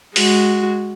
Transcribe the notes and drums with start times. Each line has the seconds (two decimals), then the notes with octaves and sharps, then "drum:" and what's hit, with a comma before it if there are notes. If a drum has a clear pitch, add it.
0.16 G#3 F#4, drum: open hi-hat